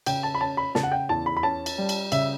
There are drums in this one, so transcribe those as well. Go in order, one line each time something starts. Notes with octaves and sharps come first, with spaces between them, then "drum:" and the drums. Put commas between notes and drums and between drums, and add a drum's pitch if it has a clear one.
C#3 G5, drum: cymbal
A5
B5
C#4 A5
B5
C#3 A5, drum: snare
F#5
G5
E2 A5
B5
B5
C#4 A5
drum: cymbal
G3
drum: cymbal
C#3 E5, drum: cymbal